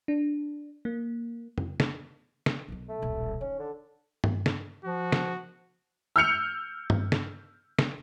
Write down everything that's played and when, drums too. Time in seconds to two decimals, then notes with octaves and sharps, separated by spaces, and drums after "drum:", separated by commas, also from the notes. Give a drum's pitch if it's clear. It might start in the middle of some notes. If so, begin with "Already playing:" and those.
0.08 D4
0.85 A#3
1.58 drum: tom
1.80 drum: snare
2.46 drum: snare
2.68 B1 B2
2.89 A3
3.02 D#1 B1
3.41 D#3 C#4
3.59 D3
4.24 drum: tom G2
4.46 drum: snare
4.85 F3 F#4
5.12 drum: snare
6.16 E6 F6 G6 C#7 F7
6.90 drum: tom G2
7.12 drum: snare
7.79 drum: snare